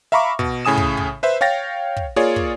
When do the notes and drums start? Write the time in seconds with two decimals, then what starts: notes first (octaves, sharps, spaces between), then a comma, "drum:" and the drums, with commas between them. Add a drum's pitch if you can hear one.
0.12 E5 F5 A#5 B5 C#6 D6
0.39 B2, drum: kick
0.65 A2 C#3 G#5 D#6 E7
0.77 drum: kick
0.97 drum: kick
1.23 B4 C5 E5
1.41 C#5 F5 G5 A6 A#6
1.96 drum: kick
2.16 A#3 F4 G#4 C#5 D5
2.36 drum: kick